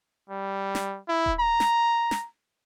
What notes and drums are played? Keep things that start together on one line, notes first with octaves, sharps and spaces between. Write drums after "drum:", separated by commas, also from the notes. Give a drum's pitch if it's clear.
G3
drum: snare
E4
drum: kick D#1
A#5
drum: snare
drum: snare